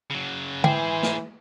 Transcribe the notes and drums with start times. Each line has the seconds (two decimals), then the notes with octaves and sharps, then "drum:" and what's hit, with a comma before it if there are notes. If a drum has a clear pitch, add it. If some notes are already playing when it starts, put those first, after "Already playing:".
0.11 C#3 F#3
0.64 E3 G#4 C5 G5, drum: tom D3
1.03 drum: snare